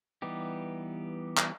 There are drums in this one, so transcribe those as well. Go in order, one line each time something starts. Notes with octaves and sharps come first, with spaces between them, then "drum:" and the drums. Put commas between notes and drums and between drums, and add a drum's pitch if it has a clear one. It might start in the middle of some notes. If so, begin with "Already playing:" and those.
E3 G3 B3 D#4 G4
drum: clap